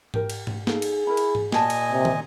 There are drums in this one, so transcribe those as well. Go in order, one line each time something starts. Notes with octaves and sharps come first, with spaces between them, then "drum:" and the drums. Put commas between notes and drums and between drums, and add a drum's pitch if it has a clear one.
G4 A#4, drum: tom G#2
drum: cymbal
drum: tom G#2
D#4 G#4 A4 F5, drum: snare
drum: cymbal
E4 A#4 B5
drum: cymbal
drum: tom G#2
A#2 G4 D#5 G#5 A5, drum: snare
drum: cymbal
C3
drum: tom